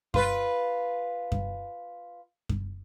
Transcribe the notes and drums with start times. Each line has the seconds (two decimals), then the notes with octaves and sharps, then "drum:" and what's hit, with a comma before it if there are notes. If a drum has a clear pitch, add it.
0.14 F4 B4, drum: kick F#2
1.32 drum: kick F#2
2.49 drum: kick F#2